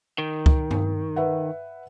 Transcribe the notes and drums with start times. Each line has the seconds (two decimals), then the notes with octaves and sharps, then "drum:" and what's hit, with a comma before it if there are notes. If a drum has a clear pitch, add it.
0.18 D#3
0.46 drum: kick C#2
0.71 drum: tom G2
1.16 B4 E5 F#5